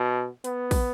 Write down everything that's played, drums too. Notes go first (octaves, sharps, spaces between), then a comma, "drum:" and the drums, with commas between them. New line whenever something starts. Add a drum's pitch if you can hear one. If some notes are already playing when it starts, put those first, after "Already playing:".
Already playing: B2
B3, drum: hi-hat
drum: kick, open hi-hat